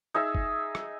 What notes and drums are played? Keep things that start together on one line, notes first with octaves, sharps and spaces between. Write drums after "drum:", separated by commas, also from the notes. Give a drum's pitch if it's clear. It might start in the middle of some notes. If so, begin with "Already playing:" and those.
D#4 G#4 E5 E6
drum: kick
drum: rim click